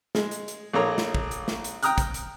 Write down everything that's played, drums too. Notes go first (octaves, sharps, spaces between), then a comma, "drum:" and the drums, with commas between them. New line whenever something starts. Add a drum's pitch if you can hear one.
G#3, drum: snare
drum: hi-hat
drum: hi-hat
A#1 A#3 A4 C#5 A#5
drum: snare
drum: kick
drum: hi-hat
drum: snare
drum: hi-hat
G5 A#5 D#6 F6 F#6, drum: hi-hat
drum: kick, hi-hat
drum: hi-hat